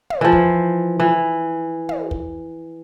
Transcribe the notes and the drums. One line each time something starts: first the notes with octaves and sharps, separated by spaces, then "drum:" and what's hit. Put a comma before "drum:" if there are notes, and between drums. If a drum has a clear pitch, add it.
drum: tom
E3 F3
drum: kick
E3
drum: tom
drum: kick